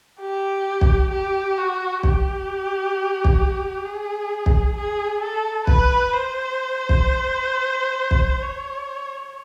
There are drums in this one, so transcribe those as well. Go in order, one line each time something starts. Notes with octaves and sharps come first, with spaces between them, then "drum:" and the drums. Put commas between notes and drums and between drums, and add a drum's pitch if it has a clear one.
G4
drum: kick
G4
F#4
G4, drum: kick
drum: kick
G#4
drum: kick
G#4
A4
B4, drum: kick
C5
drum: kick
drum: kick
C#5